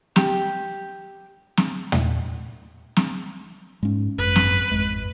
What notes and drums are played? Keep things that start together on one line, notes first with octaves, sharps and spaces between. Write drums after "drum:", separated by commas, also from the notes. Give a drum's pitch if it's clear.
G4, drum: snare
drum: snare
drum: tom
drum: snare
G#2 G#3 C#4
G#1 F#2 B4
drum: snare
G#1 F2 G#3